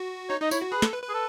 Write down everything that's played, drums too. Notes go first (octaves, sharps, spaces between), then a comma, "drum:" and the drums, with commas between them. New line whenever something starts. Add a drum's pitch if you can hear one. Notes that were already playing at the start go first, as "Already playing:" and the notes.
Already playing: F#4
D#4 C#5
D#4 D#5
E4 C#5, drum: tambourine
F#4
G#4 B4
A4, drum: snare
B4
B4
G#4
A4